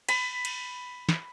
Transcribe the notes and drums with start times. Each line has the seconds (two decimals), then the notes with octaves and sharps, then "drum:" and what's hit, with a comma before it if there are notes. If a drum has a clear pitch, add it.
0.09 B5, drum: cymbal
0.45 drum: cymbal
1.09 drum: snare